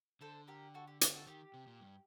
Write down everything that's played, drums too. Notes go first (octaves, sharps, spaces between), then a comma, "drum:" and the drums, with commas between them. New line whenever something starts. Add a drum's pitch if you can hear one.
D3 A4 C5
G4 A#4
F#4 A4
G4
G4, drum: hi-hat
F#4 A4
D#3 G4
C3
A#2
G2